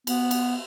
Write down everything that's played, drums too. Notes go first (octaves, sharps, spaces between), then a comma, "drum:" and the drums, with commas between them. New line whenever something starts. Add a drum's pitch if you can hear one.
B3, drum: cymbal
drum: cymbal